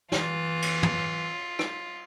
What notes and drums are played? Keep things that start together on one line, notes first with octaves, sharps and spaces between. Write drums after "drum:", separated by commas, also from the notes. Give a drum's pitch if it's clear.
E3 F4, drum: snare
drum: cymbal
drum: tom
drum: rim click